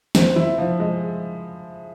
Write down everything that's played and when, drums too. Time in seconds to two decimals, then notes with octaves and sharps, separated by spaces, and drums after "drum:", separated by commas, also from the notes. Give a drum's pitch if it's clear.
0.15 C4, drum: snare
0.36 E4
0.58 F3
0.80 G#3